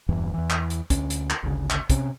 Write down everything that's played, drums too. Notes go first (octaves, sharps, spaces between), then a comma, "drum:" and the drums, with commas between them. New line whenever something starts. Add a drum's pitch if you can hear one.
D1 E2 G2 E3
E2 E3
drum: clap
drum: hi-hat
D2 C#4, drum: kick, hi-hat
drum: hi-hat
drum: clap
G#1 D2 C#3
drum: clap
C3 C#4, drum: kick, hi-hat